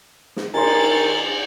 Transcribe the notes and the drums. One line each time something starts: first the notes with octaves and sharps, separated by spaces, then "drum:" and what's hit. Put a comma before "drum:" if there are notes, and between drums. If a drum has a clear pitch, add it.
drum: snare
D#3 G#5 A#5 C6 A6, drum: cymbal